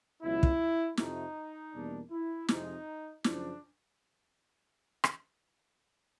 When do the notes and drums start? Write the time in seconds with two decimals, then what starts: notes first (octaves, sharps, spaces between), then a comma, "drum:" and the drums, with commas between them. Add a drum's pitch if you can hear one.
0.22 C#2 B2 F#3 E4
0.43 drum: kick
0.97 F2 C3 F3 A3 D#4, drum: snare
1.74 E2 B2 G3 A#3 D4
2.11 E4
2.48 F2 C3 F3 G#3 D#4, drum: snare
3.24 F#2 C#3 F3 D4, drum: snare
5.04 drum: rim click